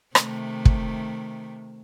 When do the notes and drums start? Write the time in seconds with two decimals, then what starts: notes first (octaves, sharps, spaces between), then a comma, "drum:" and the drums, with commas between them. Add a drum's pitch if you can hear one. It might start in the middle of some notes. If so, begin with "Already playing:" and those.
0.15 C3 D#3 A3, drum: rim click
0.65 drum: kick